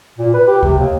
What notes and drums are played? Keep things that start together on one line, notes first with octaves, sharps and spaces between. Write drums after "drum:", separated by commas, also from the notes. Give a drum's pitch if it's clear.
A#2
B4
G4
C3, drum: kick C#2
D#2